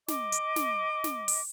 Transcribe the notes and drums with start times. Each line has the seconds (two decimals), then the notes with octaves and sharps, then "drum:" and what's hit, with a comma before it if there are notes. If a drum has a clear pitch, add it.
0.08 D#5 D6, drum: snare
0.32 drum: hi-hat
0.56 drum: snare
1.04 drum: snare
1.28 drum: open hi-hat